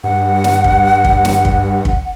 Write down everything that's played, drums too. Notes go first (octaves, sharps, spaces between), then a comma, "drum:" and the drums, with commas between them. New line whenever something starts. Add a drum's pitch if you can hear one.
G2 F#5
drum: snare
drum: kick
drum: kick
drum: snare
drum: kick
drum: kick